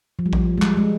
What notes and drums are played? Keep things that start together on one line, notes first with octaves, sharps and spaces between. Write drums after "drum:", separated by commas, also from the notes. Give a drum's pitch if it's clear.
F3
G3
F3, drum: kick A#1
G#3
G3, drum: clap
G#3